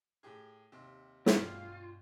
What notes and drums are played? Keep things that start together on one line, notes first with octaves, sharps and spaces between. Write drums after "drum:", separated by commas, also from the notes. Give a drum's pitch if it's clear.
A2 G4 G#4
D#2 C3
G2 B2 D4 F4 G4 F5 F#5, drum: snare